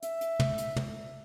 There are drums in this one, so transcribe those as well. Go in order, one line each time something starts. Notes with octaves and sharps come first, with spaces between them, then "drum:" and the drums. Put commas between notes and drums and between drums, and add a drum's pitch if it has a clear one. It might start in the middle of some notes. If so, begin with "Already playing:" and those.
E5, drum: hi-hat
drum: hi-hat
drum: tom
drum: hi-hat
drum: tom